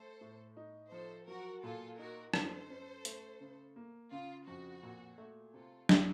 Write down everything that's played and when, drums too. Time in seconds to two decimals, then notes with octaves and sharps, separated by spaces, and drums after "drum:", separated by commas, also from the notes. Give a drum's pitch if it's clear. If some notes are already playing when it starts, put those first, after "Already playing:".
Already playing: A3 A4 C5
0.21 A2
0.57 D#4
0.92 F3 A4 C5
1.27 F#3 F#4 A#4
1.63 A#2 F4 A4
1.98 D#4 F#4 A#4
2.34 F#2 A4 C5, drum: rim click
2.70 C#4
3.05 A3, drum: hi-hat
3.41 C#3
3.76 A#3
4.11 C#3 F4
4.47 F2 F#4
4.83 A#2
5.18 A3
5.54 C3 F4 A4
5.89 F#3, drum: snare